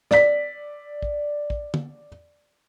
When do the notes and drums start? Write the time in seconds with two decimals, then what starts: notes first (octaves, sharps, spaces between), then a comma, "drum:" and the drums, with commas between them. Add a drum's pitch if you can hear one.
0.11 D5 B6, drum: snare
1.03 drum: kick
1.50 drum: kick
1.74 drum: tom